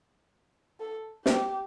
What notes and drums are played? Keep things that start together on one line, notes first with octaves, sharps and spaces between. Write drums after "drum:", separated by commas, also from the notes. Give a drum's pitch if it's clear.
A4
G4, drum: snare